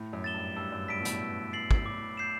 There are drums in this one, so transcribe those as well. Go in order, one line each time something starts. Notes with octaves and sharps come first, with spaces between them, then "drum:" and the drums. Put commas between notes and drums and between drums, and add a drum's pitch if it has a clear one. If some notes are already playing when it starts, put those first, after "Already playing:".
Already playing: A2
F#2
A6 E7 G7
G2
G2 E6
F#2
G2 B6 D7
B2
A2, drum: hi-hat
E6
A6 C7 F#7
drum: kick
D6
G6 C7 E7